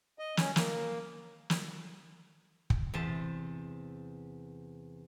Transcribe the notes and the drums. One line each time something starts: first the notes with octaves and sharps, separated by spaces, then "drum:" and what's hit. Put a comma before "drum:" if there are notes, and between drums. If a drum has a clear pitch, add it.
D#5
C#4, drum: snare
A#3, drum: snare
drum: snare
drum: kick
E2 C3 A5